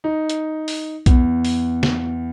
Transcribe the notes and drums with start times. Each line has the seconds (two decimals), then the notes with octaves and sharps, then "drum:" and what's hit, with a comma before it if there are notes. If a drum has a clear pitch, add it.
0.04 D#4
0.30 drum: hi-hat
0.68 drum: open hi-hat
1.06 E2, drum: kick B1, hi-hat
1.45 drum: open hi-hat
1.83 drum: snare